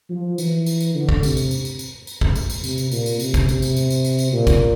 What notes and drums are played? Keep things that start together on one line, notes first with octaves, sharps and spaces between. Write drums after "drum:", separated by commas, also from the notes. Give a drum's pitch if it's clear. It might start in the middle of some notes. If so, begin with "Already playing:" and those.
F3
E3, drum: tambourine
drum: tambourine
drum: tambourine
D3
drum: kick
C3, drum: tambourine
drum: tambourine
drum: tambourine
drum: tambourine
drum: tambourine
drum: tambourine
drum: kick
drum: tambourine
drum: tambourine
C3, drum: tambourine
drum: tambourine
A#2, drum: tambourine
drum: tambourine
C3, drum: tambourine
drum: kick, tambourine
C3, drum: tambourine
drum: tambourine
drum: tambourine
drum: tambourine
drum: tambourine
drum: tambourine
A#2
drum: kick, tambourine